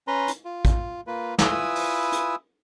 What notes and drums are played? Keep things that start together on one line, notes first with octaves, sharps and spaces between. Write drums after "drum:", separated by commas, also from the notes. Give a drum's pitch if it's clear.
C#4 B4 A#5 C6
drum: hi-hat
F4
drum: kick, hi-hat
A#3 F4 B4
E4 F4 B4 G#5 D#6 E6, drum: snare
drum: open hi-hat
drum: hi-hat